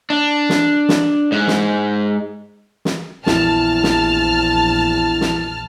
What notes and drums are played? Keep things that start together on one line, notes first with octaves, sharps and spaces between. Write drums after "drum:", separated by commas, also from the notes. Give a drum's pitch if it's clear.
D4
drum: snare
drum: snare
G#2
drum: snare
drum: snare
A#1 E2 A5 F6, drum: snare
drum: snare
drum: snare